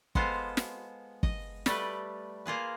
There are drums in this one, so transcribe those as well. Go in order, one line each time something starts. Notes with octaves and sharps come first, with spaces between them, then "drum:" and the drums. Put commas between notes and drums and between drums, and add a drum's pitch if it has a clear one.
G#3 B3 F4 A4 C5, drum: kick
drum: snare
D#5, drum: kick
G3 A3 G4 B4, drum: snare
A#3 F4 G#4 B4